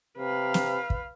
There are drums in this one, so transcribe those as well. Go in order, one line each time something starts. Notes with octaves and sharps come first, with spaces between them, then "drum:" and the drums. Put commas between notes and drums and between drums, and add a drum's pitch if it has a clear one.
C3 B4 F5
drum: snare
drum: kick